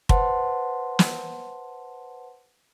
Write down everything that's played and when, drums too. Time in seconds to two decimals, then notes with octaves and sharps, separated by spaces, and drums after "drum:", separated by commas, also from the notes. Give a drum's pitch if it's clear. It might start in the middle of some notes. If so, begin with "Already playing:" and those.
0.09 B4 C5 F#5 A5 C6, drum: kick
0.99 drum: snare